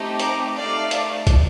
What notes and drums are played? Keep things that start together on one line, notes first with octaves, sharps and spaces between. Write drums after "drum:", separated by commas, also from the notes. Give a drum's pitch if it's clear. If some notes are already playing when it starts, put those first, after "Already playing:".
Already playing: A3 C4 D#4 G4
A#5 D6, drum: hi-hat
A3 D#4 A4 D5 F5
drum: hi-hat
drum: kick, hi-hat